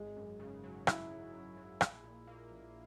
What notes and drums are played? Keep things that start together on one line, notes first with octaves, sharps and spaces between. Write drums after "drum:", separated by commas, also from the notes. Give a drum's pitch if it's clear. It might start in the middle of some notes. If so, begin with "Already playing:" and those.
Already playing: G#1 G#3
F#2
C#3
F#3
G#1 E4, drum: rim click
F#2
C#3
F#3
A#1, drum: rim click
A#2
A#3
A#1